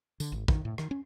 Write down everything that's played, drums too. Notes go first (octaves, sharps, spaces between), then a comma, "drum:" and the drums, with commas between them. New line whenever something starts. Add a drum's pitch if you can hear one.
D3, drum: tambourine
G#1
D#3, drum: kick
A2
D#3, drum: rim click
C#4